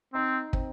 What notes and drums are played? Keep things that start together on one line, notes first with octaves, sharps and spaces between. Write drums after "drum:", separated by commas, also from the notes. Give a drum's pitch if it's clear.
C4 D#4
C4, drum: kick